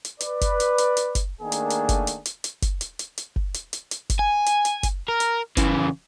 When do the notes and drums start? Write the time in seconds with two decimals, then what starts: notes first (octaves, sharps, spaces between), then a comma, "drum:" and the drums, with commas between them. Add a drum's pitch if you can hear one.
0.05 drum: hi-hat
0.20 B4 D5, drum: hi-hat
0.41 drum: kick F#1, hi-hat
0.60 drum: hi-hat
0.78 drum: hi-hat
0.97 drum: hi-hat
1.15 drum: kick F#1, hi-hat
1.41 D#3 A3 A#3 D4 G#4
1.52 drum: hi-hat
1.70 drum: hi-hat
1.89 drum: kick F#1, hi-hat
2.07 drum: hi-hat
2.25 drum: hi-hat
2.44 drum: hi-hat
2.62 drum: kick F#1, hi-hat
2.81 drum: hi-hat
2.99 drum: hi-hat
3.18 drum: hi-hat
3.36 drum: kick F#1
3.54 drum: hi-hat
3.73 drum: hi-hat
3.91 drum: hi-hat
4.10 drum: kick F#1, hi-hat
4.19 G#5
4.46 drum: hi-hat
4.65 drum: hi-hat
4.83 drum: kick F#1, hi-hat
5.08 A#4
5.20 drum: hi-hat
5.57 C#3 E3, drum: kick F#1, hi-hat